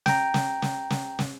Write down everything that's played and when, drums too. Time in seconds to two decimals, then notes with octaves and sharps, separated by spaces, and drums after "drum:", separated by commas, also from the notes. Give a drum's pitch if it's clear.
0.06 G5 A#5, drum: snare
0.34 drum: snare
0.62 drum: snare
0.90 drum: snare
1.19 drum: snare